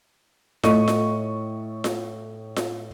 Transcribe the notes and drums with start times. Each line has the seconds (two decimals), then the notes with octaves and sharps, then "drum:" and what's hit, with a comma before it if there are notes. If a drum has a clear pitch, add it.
0.63 A2 A4 D#5 C#6 D#7, drum: snare F4
0.88 drum: snare F4
1.84 drum: snare F4
2.56 drum: snare F4